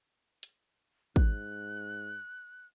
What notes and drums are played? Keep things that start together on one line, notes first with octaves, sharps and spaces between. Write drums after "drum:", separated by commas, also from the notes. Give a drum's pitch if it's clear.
drum: hi-hat
G#2 F#6, drum: kick